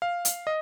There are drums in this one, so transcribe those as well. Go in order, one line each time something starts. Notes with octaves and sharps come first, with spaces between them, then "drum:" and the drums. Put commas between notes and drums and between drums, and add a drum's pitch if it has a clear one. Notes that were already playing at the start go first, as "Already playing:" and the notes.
F5
drum: hi-hat
D#5